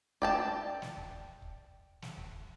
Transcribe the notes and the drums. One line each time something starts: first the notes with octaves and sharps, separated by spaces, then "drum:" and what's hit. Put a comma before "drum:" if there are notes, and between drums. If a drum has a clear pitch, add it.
D5 G5 A5, drum: kick
drum: snare
drum: kick
drum: kick
drum: kick
drum: snare
drum: kick
drum: kick